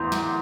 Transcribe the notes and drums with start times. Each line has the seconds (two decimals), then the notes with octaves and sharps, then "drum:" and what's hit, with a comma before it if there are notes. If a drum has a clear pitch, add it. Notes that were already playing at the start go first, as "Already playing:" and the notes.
Already playing: E2 A#5 C6 G6
0.12 drum: snare